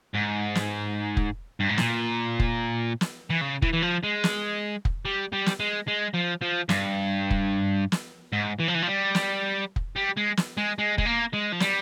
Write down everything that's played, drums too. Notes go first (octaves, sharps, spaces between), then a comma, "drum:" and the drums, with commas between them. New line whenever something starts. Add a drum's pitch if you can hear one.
G#2
drum: snare
drum: kick
G2
G#2
A#2, drum: snare
drum: kick
drum: snare
E3
C#3
E3, drum: kick
E3
F3
G#3
drum: snare
drum: kick
G3
G3
drum: snare
G#3
G#3
F3
F3
G2, drum: snare
drum: kick
drum: snare
G#2
E3
F3
E3
F3
G3
drum: snare
drum: kick
G3
G#3
drum: snare
G#3
G#3
G#3, drum: kick
A#3
G#3
F3
G3, drum: snare